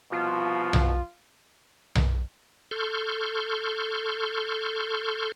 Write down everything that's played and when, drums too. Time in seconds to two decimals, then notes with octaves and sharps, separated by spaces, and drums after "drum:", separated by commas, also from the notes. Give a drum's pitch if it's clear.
0.12 C2 B2 F3 F4
0.73 drum: tom B1
1.95 drum: tom B1
2.71 A4 C6 C#6 F6 G6